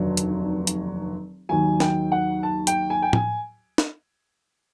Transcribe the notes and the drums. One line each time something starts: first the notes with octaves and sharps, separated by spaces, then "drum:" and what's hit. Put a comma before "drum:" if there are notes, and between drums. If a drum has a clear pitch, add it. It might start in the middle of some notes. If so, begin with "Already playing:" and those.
Already playing: F1 D#2 D3 F#3
drum: hi-hat
drum: hi-hat
D#2 D#3 F#3 G#5
G5, drum: snare
F#5
A5
G5, drum: hi-hat
G#5
G5
G#5, drum: tom A2
drum: snare